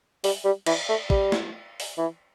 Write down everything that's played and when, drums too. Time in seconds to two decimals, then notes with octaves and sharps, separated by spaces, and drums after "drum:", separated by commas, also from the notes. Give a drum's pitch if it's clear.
0.24 G3, drum: open hi-hat
0.45 G3
0.66 E3, drum: cymbal
0.89 A3
1.10 G3, drum: kick
1.32 drum: snare
1.80 drum: open hi-hat
1.98 E3